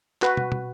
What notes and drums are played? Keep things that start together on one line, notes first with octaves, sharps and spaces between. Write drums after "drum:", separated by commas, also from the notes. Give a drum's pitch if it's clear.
F#4 B4, drum: clap
drum: tom
drum: tom